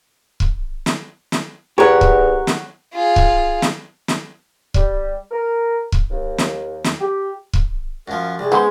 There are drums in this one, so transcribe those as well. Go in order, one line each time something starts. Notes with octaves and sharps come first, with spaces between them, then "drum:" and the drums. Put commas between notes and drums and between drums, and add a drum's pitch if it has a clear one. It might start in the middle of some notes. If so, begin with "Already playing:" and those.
drum: kick
drum: snare
drum: snare
E2 G4 A#4 C#5 F#5
drum: kick
drum: snare
F4 G#4
drum: kick
drum: snare
drum: snare
G3, drum: kick
A#4
drum: kick
D#2
drum: snare
drum: snare
G4
drum: kick
F#2 F3 A#4
C2 G#4
G#3 B3 C#4 C5